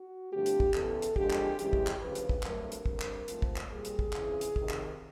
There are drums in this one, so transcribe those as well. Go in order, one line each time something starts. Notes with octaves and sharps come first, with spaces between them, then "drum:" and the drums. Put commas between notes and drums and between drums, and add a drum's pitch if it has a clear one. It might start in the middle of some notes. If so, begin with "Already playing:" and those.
Already playing: F#4
G2 D3 F3 A3 C4 G4
drum: hi-hat
drum: kick
E2 C#3 E3 A4, drum: clap
drum: hi-hat
F2 D3 F3 G#3 G4, drum: kick
drum: clap
F#2 C#3 E3 G#3 G4, drum: hi-hat
drum: kick
drum: clap
D2 C#3 F3 B4
drum: hi-hat
drum: kick
G2 D3 F#3 A3 C4 A#4, drum: clap
drum: hi-hat
G2 D3 G3 C4, drum: kick
drum: clap
G#2 F3 A3 C4, drum: hi-hat
drum: kick
drum: clap
A#2 G3 C4 G#4
drum: hi-hat
drum: kick
F2 C#3 E3, drum: clap
drum: hi-hat
F2 C3 D#3, drum: kick
drum: clap